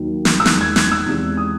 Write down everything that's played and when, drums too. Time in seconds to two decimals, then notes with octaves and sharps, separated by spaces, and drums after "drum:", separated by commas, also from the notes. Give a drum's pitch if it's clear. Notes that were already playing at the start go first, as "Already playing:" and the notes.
Already playing: D#2 D#3 F#3
0.25 drum: snare
0.40 E6
0.46 E2 D#3 G#3 F#6, drum: snare
0.61 G#6
0.76 F#6, drum: snare
0.92 E6
1.06 E2 C3 E3 G#3
1.37 D#6